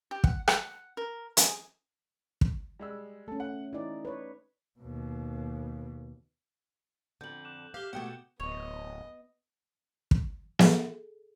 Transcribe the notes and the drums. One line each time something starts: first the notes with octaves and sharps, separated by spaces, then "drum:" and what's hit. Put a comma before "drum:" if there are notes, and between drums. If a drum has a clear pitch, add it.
G4
F#5, drum: kick
F#5, drum: rim click
A#4
G#4, drum: hi-hat
drum: kick
G3 G#3 E6
A3 C#4 A4
F#5
E3 D#4 D5
B4 C#5
D#2 B2
F2 D3 G6 F#7
D6 F#6 E7
G4 F5 G6 G7
B2 A3 G4 G#4 F#5 G5
D1 B3 C#5 D#5
drum: kick
G#4 A4, drum: snare